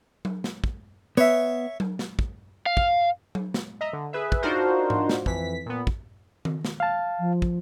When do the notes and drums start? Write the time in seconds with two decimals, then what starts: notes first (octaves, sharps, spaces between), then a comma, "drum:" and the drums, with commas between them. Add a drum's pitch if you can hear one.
0.25 drum: tom F#3
0.44 drum: snare
0.64 drum: kick
1.17 B3 C#5 E5
1.80 drum: tom F#3
1.99 drum: snare
2.19 drum: kick
2.66 F5
2.77 drum: kick
3.35 drum: tom F#3
3.54 drum: snare
3.81 D#5 E5 A#5
3.93 D3
4.13 G#4 B4 E5
4.32 drum: kick
4.43 D4 D#4 F4 F#4 A#4 C5
4.90 drum: tom G#2
5.09 drum: snare
5.26 F2 E3 B6, drum: kick
5.66 A#2 B3
5.87 drum: kick
6.45 drum: tom D#3
6.65 drum: snare
6.80 F5 A5
7.19 F3
7.42 drum: kick